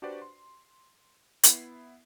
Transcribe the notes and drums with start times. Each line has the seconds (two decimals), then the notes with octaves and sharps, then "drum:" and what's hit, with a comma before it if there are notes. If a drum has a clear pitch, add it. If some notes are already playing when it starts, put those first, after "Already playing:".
0.02 D4 F#4 G4 B4 C5 D5
0.22 C6
1.43 B3 E4 C7, drum: hi-hat